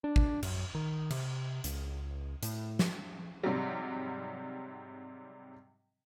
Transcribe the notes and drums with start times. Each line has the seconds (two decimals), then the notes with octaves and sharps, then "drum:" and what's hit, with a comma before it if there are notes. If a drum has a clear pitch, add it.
0.04 D4
0.16 drum: kick G#1
0.43 F#2, drum: cymbal
0.75 D#3
1.10 C3, drum: cymbal
1.64 C#2, drum: hi-hat
2.43 A2, drum: hi-hat
2.79 drum: snare
3.43 G#2 C3 F#3 G3